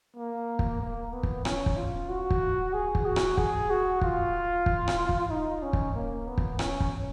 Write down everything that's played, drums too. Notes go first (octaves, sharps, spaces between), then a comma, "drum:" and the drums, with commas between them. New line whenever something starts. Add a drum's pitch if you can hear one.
A#3
drum: kick
A#3
B3
drum: kick
C#4, drum: rim click
drum: kick
F4
F#4
drum: kick
G#4
drum: kick
F#4
drum: rim click
G#4, drum: kick
F#4
F4, drum: kick
drum: kick
drum: rim click
drum: kick
D#4
C#4
drum: kick
A#3
B3
drum: kick
C#4, drum: rim click
drum: kick